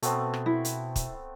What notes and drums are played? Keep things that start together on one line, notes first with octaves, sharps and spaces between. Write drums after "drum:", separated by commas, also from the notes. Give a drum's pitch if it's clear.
B2 A3 B3 C4, drum: hi-hat
drum: rim click
E4
drum: hi-hat
drum: kick, hi-hat